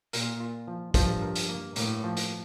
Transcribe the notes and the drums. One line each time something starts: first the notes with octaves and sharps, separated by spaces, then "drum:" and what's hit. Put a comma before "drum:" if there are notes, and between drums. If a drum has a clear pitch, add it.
A#2 A#4, drum: hi-hat
F4
F3
G2 F3, drum: kick, hi-hat
A#4
drum: hi-hat
A#3
A2 A#3, drum: hi-hat
F3
drum: hi-hat